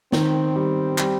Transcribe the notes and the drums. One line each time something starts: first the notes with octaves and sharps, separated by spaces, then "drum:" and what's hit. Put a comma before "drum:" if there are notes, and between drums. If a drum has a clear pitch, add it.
D#3 C4, drum: snare
G3
G3, drum: clap